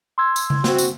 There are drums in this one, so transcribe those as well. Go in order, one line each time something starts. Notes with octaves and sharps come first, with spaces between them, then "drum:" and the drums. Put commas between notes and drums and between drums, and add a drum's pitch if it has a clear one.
C6 E6 G#6
drum: tambourine
drum: tom C#3
C4 F#4, drum: snare
drum: tambourine